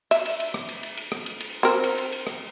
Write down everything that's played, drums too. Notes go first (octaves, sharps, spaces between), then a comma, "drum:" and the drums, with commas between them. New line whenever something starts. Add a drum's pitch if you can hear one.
E5, drum: cymbal
drum: cymbal
drum: cymbal
drum: rim click
drum: cymbal
drum: cymbal
drum: cymbal
drum: rim click
drum: cymbal
drum: cymbal
C4 A#4
drum: cymbal
drum: cymbal
drum: cymbal
drum: rim click